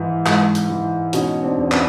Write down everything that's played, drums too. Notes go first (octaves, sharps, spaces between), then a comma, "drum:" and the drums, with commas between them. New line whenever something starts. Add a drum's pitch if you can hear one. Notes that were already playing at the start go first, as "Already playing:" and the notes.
Already playing: G#2 E3
G#2, drum: clap
drum: hi-hat
E3
B2 C#4 D#4, drum: hi-hat
C4 D4
E2
B3 C#4, drum: clap